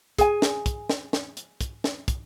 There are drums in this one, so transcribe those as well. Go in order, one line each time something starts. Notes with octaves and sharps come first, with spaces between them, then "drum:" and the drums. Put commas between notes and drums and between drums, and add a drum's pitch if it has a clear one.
G#4 G#5, drum: kick, hi-hat
drum: snare
drum: kick, hi-hat
drum: snare
drum: snare
drum: hi-hat
drum: kick, hi-hat
drum: snare
drum: kick, hi-hat